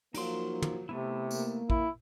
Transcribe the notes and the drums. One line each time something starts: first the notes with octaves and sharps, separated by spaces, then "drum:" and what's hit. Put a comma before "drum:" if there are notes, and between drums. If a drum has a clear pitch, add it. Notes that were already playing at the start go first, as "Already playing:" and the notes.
F3 F#3 A#3 D#4 C6, drum: cymbal
drum: tom
C3 A3 B3 E4
A#3, drum: tambourine
E4, drum: kick